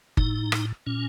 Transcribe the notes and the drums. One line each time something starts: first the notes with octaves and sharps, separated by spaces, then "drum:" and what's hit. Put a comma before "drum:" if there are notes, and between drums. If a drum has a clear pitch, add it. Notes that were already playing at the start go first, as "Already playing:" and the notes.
A2 D#4, drum: kick G1
drum: rim click
A#2 C#4